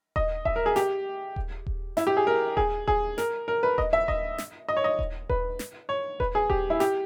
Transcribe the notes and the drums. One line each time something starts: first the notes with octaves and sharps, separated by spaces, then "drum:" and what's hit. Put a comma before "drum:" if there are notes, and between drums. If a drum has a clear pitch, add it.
D#5, drum: kick D#1
E5, drum: kick D#1
A#4
G#4
G4, drum: snare
drum: kick D#1
drum: kick D#1
E4, drum: snare
G4
G#4
A#4
G#4, drum: kick D#1
G#4, drum: kick D#1
A#4, drum: snare
A#4
B4
D#5, drum: kick D#1
E5
D#5, drum: kick D#1
drum: snare
D#5
C#5
D#5
drum: kick D#1
B4, drum: kick D#1
drum: snare
C#5
B4, drum: kick D#1
G#4
G4, drum: kick D#1
E4
G4, drum: snare